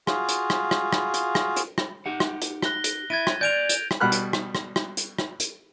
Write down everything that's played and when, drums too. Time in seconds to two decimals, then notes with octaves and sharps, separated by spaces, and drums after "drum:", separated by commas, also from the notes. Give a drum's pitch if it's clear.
0.07 F4 F#4 G#4 F5, drum: rim click
0.29 drum: hi-hat
0.50 drum: rim click
0.71 drum: rim click
0.93 drum: rim click
1.14 drum: hi-hat
1.35 drum: rim click
1.56 drum: hi-hat
1.78 drum: rim click
2.06 D#4 G4 F#5
2.20 drum: rim click
2.42 drum: hi-hat
2.63 F#6 A#6 G7, drum: rim click
2.84 drum: hi-hat
3.10 E4 G#6 A6 D#7
3.27 drum: rim click
3.41 D5 G#5 G6 D7 F7
3.69 drum: hi-hat
3.91 drum: rim click
4.00 B2 G3 F#5 B5 F6 F#6
4.12 drum: hi-hat
4.33 drum: rim click
4.55 drum: rim click
4.76 drum: rim click
4.97 drum: hi-hat
5.19 drum: rim click
5.40 drum: hi-hat